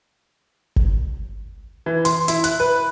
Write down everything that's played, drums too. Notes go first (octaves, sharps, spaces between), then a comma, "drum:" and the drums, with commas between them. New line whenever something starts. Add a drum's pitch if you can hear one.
drum: kick G1
E3
C6, drum: hi-hat
E4, drum: hi-hat
F#6, drum: hi-hat
B4